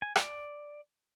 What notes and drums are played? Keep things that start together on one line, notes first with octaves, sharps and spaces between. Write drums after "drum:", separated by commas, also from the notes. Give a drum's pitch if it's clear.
G#5
D5, drum: rim click